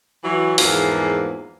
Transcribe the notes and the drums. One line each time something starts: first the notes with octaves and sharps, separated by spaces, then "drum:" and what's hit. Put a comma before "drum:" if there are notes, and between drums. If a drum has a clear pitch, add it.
E3 F#3
E2 G#2 E3 F3 A#3 G#4, drum: open hi-hat